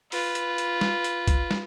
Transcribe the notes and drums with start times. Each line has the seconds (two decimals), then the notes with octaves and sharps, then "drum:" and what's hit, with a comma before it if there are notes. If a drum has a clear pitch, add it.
0.12 F4 B4, drum: open hi-hat
0.35 drum: hi-hat
0.58 drum: hi-hat
0.81 drum: snare
1.04 drum: hi-hat
1.28 drum: kick C2, hi-hat
1.51 drum: snare